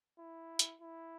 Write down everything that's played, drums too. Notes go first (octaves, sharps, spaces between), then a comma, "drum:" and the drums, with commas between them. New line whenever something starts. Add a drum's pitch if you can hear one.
E4
drum: hi-hat
E4